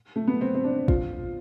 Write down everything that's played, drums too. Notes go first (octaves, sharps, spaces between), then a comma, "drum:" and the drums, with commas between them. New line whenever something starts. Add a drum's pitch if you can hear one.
A3
B3
C4
C4
D4
F4, drum: kick